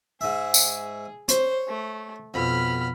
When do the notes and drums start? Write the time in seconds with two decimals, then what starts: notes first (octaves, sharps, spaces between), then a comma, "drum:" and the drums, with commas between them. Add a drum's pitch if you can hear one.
0.21 G#2 G#4 E5
0.54 drum: tambourine
1.28 C5 C#5, drum: hi-hat
1.68 A3
2.34 B1 F2 B5 F6